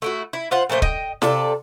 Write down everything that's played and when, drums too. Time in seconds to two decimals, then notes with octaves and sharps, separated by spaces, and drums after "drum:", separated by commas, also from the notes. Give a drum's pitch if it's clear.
0.02 A3 E4 F#4
0.33 E4
0.51 F4 C5 F#5
0.69 A#2 F3 A3 C5
0.82 D#5 G5, drum: kick
1.22 C3 F4 A4 D5, drum: snare